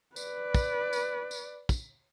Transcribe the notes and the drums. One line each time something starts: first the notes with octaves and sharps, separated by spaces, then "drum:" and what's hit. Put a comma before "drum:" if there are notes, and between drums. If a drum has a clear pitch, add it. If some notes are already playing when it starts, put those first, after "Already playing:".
B4 D5, drum: tambourine
drum: kick, tambourine
drum: tambourine
drum: tambourine
drum: kick, tambourine